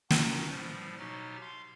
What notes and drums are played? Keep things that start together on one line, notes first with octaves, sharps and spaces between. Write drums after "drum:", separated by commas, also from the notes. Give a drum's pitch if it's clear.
B3 C#4 D#4 F#4 A#4 B4, drum: snare
A2 F3 G3
B2 F#3 D#4 G4 F6 A6
F5 C6